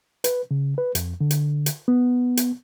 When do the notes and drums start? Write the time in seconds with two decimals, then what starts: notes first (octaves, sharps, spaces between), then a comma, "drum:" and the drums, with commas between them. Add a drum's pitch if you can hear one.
0.24 B4, drum: hi-hat
0.51 C#3
0.78 B4
0.95 F2, drum: hi-hat
1.21 D3
1.31 drum: hi-hat
1.66 drum: hi-hat
1.88 B3
2.37 drum: hi-hat